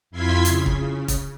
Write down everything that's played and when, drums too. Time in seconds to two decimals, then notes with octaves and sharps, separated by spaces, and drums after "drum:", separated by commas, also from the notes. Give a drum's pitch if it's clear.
0.11 F2 E4 F4 C6 G#6 B6
0.45 C#3, drum: hi-hat
0.66 drum: kick
1.08 drum: kick, hi-hat